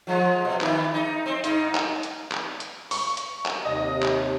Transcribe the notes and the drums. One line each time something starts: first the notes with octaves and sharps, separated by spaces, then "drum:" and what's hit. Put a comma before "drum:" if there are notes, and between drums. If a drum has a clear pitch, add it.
F3 G#3
B2
D#3 E3, drum: clap
D#4
C4
G#2 D#4, drum: hi-hat
drum: clap
drum: hi-hat
drum: clap
drum: hi-hat
C#6, drum: open hi-hat
drum: hi-hat
drum: clap
D#2 C3 D#5
drum: clap